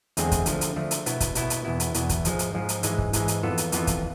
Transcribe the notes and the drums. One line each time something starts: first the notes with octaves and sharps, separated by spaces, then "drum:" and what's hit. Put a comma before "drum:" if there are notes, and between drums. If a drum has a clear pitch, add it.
E2 D3 G#3 C4 G#4, drum: hi-hat
drum: kick, hi-hat
D3 F3 A3, drum: hi-hat
drum: hi-hat
D3 F3 A3
drum: hi-hat
B2 B3 E4, drum: hi-hat
drum: kick, hi-hat
B2 B3 E4, drum: hi-hat
drum: hi-hat
E2 B2 B3 E4
drum: hi-hat
E2 B2 B3 E4, drum: hi-hat
drum: kick, hi-hat
G#2 F3 G#3, drum: hi-hat
drum: hi-hat
G#2 F3 G#3
drum: hi-hat
G#2 E3 G#3, drum: hi-hat
drum: kick
G#2 E3 G#3, drum: hi-hat
drum: hi-hat
F2 E3 B3 F4 A4
drum: hi-hat
F2 E3 B3 F4 A4, drum: hi-hat
drum: kick, hi-hat